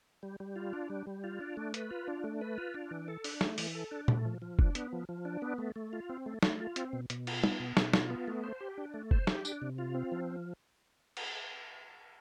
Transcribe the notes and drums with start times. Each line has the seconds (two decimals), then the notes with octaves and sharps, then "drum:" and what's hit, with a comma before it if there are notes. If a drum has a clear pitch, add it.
0.23 G3
0.40 G3
0.56 F4
0.73 D4
0.90 G3
1.07 G3
1.24 F4
1.40 D4
1.57 A3
1.74 B4, drum: hi-hat
1.91 F4
2.08 D4
2.24 A3
2.41 B4
2.58 F4
2.74 D4
2.91 E3
3.08 A4
3.24 D4, drum: open hi-hat
3.41 A3, drum: snare
3.58 E3, drum: open hi-hat
3.75 A4
3.91 D4
4.08 A3, drum: tom A#2
4.25 F3
4.42 F3
4.59 D4, drum: kick F1
4.75 B3, drum: hi-hat
4.93 F3
5.09 F3
5.25 D4
5.42 B3
5.58 A3
5.76 A3
5.93 F4
6.09 C4
6.26 A3
6.43 A3, drum: snare
6.60 F4
6.76 C4, drum: hi-hat
6.93 B2
7.10 B2, drum: hi-hat
7.27 F4, drum: cymbal
7.44 B3, drum: tom
7.60 B2
7.77 B2, drum: snare
7.93 F4, drum: snare
8.10 B3
8.28 A3
8.44 C5
8.61 G4
8.78 D4
8.94 A3
9.11 C5, drum: kick F1
9.27 G4, drum: snare
9.45 D4, drum: tambourine
9.62 C3
9.78 F4
9.95 C4
10.12 F3
11.17 drum: cymbal